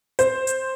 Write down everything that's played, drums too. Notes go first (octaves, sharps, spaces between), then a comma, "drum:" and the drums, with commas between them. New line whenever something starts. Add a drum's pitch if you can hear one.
C5, drum: hi-hat
drum: hi-hat